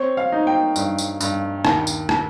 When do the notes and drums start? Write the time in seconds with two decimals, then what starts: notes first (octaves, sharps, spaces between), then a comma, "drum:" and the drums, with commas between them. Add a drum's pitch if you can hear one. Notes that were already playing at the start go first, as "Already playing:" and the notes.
Already playing: C4 C#5
0.17 F5
0.32 D#4
0.47 G5
0.76 G2, drum: tambourine
0.98 drum: tambourine
1.20 G2, drum: tambourine
1.65 D#2, drum: rim click
1.87 drum: tambourine
2.09 drum: rim click